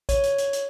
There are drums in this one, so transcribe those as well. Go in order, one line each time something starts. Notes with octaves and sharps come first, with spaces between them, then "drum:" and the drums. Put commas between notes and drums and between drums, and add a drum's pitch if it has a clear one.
C#5, drum: kick A#1, hi-hat
drum: hi-hat
drum: hi-hat
drum: hi-hat